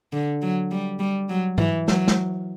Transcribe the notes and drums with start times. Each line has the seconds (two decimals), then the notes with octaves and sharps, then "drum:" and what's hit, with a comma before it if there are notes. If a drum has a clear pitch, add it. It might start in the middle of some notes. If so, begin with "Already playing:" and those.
0.13 D3
0.42 F#3
0.71 G3
0.99 G3
1.29 F#3
1.58 E3, drum: tom G#2
1.88 F#3, drum: snare
2.08 drum: snare